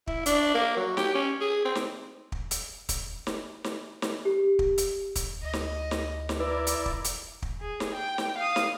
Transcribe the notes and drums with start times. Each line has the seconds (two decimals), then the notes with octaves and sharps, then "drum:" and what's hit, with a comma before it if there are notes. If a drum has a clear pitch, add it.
0.07 E4, drum: kick
0.26 D4, drum: hi-hat
0.54 A#3
0.77 F#3
0.97 G4, drum: snare
1.15 C#4
1.41 G#4
1.65 C4
1.75 drum: snare
2.32 drum: kick
2.51 drum: hi-hat
2.89 drum: kick, hi-hat
3.27 drum: snare
3.64 drum: snare
4.02 drum: snare
4.25 G4
4.59 drum: kick
4.78 drum: hi-hat
5.16 drum: kick, hi-hat
5.43 D2 D#5
5.53 drum: snare
5.91 drum: snare
6.29 drum: snare
6.40 E4 A#4 B4 D5
6.67 drum: hi-hat
6.86 drum: kick
7.05 drum: hi-hat
7.42 drum: kick
7.61 G#4
7.80 drum: snare
7.94 G5
8.18 drum: snare
8.38 F5 D#6
8.56 drum: snare